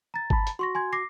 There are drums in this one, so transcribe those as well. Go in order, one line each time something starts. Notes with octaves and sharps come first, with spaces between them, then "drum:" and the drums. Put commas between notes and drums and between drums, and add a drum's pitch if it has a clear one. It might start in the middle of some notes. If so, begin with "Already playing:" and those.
A#5 A6
A5 B5, drum: kick G1
drum: hi-hat
F#4 C6 C#6 A#6
G#5 C6 G#6
D6 A#6 C7